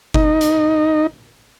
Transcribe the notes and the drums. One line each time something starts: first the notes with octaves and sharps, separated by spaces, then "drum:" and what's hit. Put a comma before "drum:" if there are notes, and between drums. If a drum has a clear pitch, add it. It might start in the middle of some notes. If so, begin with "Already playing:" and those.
D#4, drum: kick F#1
drum: hi-hat